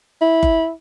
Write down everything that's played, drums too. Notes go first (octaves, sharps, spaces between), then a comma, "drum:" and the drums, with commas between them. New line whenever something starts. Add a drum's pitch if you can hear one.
E4
drum: kick F#1